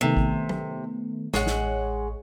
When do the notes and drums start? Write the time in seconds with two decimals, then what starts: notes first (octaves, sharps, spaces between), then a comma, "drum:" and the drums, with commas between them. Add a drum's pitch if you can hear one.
0.01 C3 D#3 A3 B3
0.17 drum: kick A1
0.49 drum: tom
1.34 A1 G#3 C#5 F#5, drum: snare
1.47 drum: snare